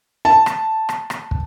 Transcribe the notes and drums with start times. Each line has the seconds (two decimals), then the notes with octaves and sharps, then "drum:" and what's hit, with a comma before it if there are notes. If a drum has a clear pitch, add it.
0.25 A5
0.46 drum: rim click
0.89 drum: rim click
1.10 drum: rim click
1.31 drum: kick